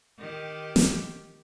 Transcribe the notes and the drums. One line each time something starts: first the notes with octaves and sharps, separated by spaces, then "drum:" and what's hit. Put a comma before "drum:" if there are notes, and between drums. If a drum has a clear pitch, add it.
D#3 G4
drum: snare